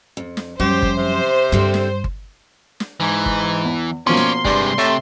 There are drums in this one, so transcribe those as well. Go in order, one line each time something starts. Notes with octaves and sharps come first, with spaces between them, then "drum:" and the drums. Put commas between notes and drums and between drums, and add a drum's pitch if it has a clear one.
F2
drum: snare
F#2 F3 G3 G4 C5
drum: kick G1
C3
G2 D3 G3 C4
drum: snare
drum: kick G1
drum: snare
G#2 E3
drum: kick G1
E2
B2 F3 A#3 C#4 C#5 D5 C6
drum: snare
G2 C3 G#3 D5, drum: kick G1
C3 A3 C#5 E5